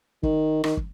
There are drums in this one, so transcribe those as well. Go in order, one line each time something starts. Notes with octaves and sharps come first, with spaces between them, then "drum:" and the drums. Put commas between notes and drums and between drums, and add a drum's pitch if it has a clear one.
D#3, drum: kick
D#3, drum: rim click
drum: kick